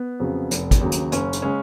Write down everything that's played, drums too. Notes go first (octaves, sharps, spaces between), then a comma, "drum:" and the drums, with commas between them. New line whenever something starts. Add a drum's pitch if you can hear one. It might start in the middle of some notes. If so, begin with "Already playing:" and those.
Already playing: B3
F2 C#3 F#3
F1, drum: hi-hat
drum: kick G#1, hi-hat
D#2 C#3 F#3
drum: hi-hat
F#1 C#4, drum: hi-hat
drum: hi-hat
C#3 G#3 C#4